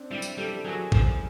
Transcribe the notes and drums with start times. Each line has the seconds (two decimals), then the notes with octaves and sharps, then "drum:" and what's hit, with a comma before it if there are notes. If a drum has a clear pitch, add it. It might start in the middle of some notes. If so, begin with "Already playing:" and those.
Already playing: C4 D4
0.11 G3 D4 E4
0.22 drum: tambourine
0.38 G3 G4 A4
0.65 F#3 G#4 A#4
0.92 F3, drum: kick